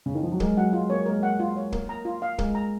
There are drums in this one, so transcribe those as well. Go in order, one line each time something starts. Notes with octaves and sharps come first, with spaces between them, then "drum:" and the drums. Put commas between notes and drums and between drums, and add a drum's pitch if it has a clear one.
C#3
D#3
F3
F#3
G#3 A#4, drum: kick
F#3 F#5
G#3 F4
A#3 C#5
G#3 A#4
F#5
F4
C#5
A#3 A#4, drum: kick
A#5
F4
F5
G#3 A#4, drum: kick
A#5